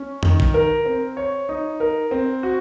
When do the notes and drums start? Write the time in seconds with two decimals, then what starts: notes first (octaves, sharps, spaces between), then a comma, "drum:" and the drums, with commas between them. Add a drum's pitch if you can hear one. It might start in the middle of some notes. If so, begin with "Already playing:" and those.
Already playing: C#4
0.23 D#3, drum: tom F2
0.40 drum: kick
0.54 A#4
0.86 C4
1.17 C#5
1.49 D#4
1.80 A#4
2.11 C4
2.43 F#4